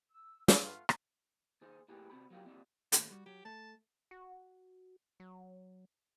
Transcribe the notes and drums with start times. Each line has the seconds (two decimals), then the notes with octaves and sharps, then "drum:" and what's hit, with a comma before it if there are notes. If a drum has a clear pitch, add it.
0.10 E6
0.48 G2 A3 B3 F4 F6, drum: snare
0.89 drum: rim click
1.61 D#2 G#4 C5
1.88 A2 A#3 G4 G#4 B4
2.10 C3 C4 F#4 B5
2.30 F#3 A#3 F4 G4
2.46 G3 A#3 C4 F4 E5
2.92 D#2 A2 A3, drum: hi-hat
3.10 G3 F#4
3.26 F#3 G4
3.45 A3 A5
4.11 F#4
5.20 F#3